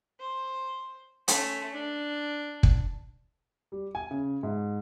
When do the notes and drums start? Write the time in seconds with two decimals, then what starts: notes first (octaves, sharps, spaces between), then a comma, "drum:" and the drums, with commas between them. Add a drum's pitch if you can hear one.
0.20 C5
1.28 A3 C#4, drum: hi-hat
1.73 D4
2.63 drum: kick
3.72 G3
3.95 G#5
4.11 C#3
4.43 G#2